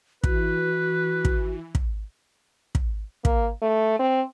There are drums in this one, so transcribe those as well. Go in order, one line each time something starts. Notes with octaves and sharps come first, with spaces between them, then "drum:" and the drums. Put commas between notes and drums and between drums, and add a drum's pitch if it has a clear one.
E3 F#4 B4, drum: kick
drum: kick
drum: kick
drum: kick
A#3, drum: kick
A3
C4